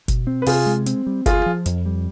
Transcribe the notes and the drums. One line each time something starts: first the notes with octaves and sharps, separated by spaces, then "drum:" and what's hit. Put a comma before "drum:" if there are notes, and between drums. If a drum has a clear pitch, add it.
B2, drum: kick F#1, hi-hat
C4
B4
C3 F4 G#4, drum: open hi-hat
G#3
C4, drum: hi-hat
G3
D2 F4 G#4, drum: kick F#1, hi-hat
F3
F2, drum: hi-hat
G3